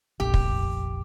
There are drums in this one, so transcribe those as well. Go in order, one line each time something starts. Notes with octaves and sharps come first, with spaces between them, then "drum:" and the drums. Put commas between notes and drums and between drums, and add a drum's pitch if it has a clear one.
F1 A#1 G4
drum: kick